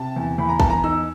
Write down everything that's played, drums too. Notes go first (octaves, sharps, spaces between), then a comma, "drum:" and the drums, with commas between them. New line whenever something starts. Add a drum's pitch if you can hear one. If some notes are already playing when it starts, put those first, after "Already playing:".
Already playing: C3 A5
E2
E2 B5
A#5
E2 A5, drum: kick
A#5
D#4 E6